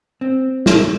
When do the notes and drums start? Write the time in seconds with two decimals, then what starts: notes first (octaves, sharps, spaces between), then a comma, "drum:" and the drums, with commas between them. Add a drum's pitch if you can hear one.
0.21 C4
0.66 drum: snare